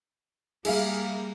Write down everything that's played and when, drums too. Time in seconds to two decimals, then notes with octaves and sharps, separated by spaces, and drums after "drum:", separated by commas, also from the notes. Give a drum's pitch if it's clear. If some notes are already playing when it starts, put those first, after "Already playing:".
0.65 G3 A#3 G#4 E5 F5, drum: cymbal